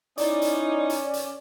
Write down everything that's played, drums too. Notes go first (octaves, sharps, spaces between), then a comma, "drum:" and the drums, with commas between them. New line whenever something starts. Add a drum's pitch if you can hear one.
C#4 D#4 E4 D5, drum: hi-hat
drum: hi-hat
drum: hi-hat
drum: hi-hat